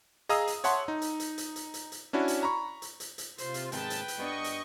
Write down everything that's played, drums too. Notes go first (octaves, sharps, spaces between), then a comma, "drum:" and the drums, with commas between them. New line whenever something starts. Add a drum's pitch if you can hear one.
G#4 D#5 F5 A#5 D#6 E6, drum: hi-hat
drum: hi-hat
C#5 E5 F#5 A5 C6, drum: hi-hat
D#4
drum: hi-hat
drum: hi-hat
drum: hi-hat
drum: hi-hat
drum: hi-hat
drum: hi-hat
C#4 D4 E4 F#4
drum: hi-hat
A#5 B5 C#6
drum: hi-hat
drum: hi-hat
drum: hi-hat
C3 F4 C5, drum: hi-hat
drum: hi-hat
G#2 C3 D#3 B4 G5 A5, drum: hi-hat
drum: hi-hat
drum: hi-hat
G2 B3 D4 D#5 C#6
drum: hi-hat